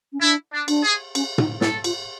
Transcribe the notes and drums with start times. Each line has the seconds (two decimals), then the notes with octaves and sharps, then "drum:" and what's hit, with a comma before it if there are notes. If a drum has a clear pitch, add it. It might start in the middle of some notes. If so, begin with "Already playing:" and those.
0.13 C#4
0.21 D4 E4
0.53 D4
0.68 D4, drum: cymbal
0.84 G#4
1.15 C#4, drum: cymbal
1.38 D#4, drum: tom
1.61 E4 A4, drum: snare
1.84 F4, drum: cymbal